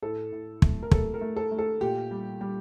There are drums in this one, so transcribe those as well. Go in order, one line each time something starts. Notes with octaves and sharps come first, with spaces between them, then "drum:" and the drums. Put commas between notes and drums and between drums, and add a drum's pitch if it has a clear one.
A2 A4
A2
A3, drum: kick
A#4
A3 A4, drum: kick
A#4
A3
A4
A3
A4
A#2 G4
G3
G3